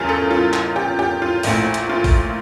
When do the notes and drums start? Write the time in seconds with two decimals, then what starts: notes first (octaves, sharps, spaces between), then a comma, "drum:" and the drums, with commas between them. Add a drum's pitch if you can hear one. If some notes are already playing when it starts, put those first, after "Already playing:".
Already playing: E2 C#3 E3 G3 A#3 F4
0.09 A4
0.31 F4
0.53 drum: clap
0.76 G4
0.99 G4
1.22 F4
1.43 A#1 A#2 A3 E4, drum: open hi-hat
1.74 drum: hi-hat
1.89 F4
2.04 drum: kick, open hi-hat